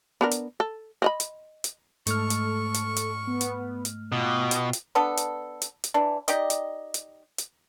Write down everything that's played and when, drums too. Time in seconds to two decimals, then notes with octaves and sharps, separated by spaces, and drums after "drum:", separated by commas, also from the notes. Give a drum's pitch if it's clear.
0.21 B3 D4 A#4
0.31 drum: hi-hat
0.60 A4
1.02 C4 D#5 B5
1.20 drum: hi-hat
1.64 drum: hi-hat
2.07 G#2 A3 A4 C#6 F6, drum: hi-hat
2.30 drum: hi-hat
2.74 drum: hi-hat
2.96 drum: hi-hat
3.27 B3
3.41 drum: hi-hat
3.85 drum: hi-hat
4.12 B2 F4 G5 D6 D#6
4.51 drum: hi-hat
4.73 drum: hi-hat
4.95 B3 D4 A4
5.17 drum: hi-hat
5.62 drum: hi-hat
5.84 drum: hi-hat
5.94 E3 D4
6.28 D#4 G4 D5 D#5, drum: hi-hat
6.50 drum: hi-hat
6.94 drum: hi-hat
7.38 drum: hi-hat